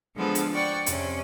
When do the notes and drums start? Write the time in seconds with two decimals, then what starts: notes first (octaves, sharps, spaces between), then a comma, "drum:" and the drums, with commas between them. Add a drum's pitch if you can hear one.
0.16 D3 F3 G#3 B3 A4
0.35 drum: hi-hat
0.54 D5 F#5 G5 C#6
0.86 F2 C3 C#4, drum: hi-hat